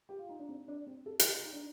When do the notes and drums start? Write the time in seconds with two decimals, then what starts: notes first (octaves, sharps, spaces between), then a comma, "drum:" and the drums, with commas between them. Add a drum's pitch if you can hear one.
0.09 G4
0.19 F4
0.29 D#4
0.39 D4
0.49 C4
0.68 D4
0.87 C4
1.06 A4
1.20 A4, drum: hi-hat
1.25 G4
1.44 D#4
1.53 D4